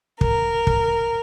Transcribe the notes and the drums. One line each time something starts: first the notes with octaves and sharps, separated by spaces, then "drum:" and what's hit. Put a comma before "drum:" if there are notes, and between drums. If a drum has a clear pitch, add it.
A#4, drum: kick
drum: kick